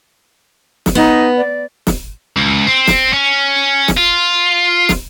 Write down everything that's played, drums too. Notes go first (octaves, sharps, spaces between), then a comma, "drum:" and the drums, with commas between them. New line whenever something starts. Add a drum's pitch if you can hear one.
drum: snare
B3 D#4
D5
drum: snare
C#2
C4
drum: snare
C#4
drum: snare
F4
drum: snare